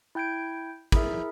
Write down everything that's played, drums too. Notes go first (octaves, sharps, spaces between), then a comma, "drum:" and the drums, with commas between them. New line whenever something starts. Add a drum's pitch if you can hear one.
E4 G5 G6 G#6 D7
E4 G#4 A#4 E5, drum: kick